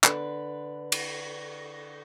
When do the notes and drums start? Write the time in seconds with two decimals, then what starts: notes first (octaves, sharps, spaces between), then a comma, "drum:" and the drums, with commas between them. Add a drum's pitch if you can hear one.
0.04 D3 B4, drum: clap
0.92 drum: cymbal